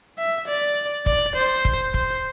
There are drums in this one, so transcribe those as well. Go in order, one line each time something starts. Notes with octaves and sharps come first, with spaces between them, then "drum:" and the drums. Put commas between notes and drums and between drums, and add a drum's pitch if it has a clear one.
E5
D5
D5, drum: kick
C5
drum: kick
C5, drum: kick